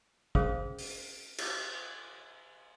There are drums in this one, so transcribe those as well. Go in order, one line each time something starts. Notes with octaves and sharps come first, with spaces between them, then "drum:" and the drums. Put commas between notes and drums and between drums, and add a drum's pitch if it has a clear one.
C#4 G#4 C5 F5 D#6, drum: kick
drum: open hi-hat
drum: cymbal